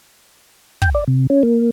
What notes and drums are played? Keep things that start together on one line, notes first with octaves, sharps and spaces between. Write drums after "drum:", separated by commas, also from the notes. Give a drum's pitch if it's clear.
G5, drum: kick
D5
C3
C#4
A#3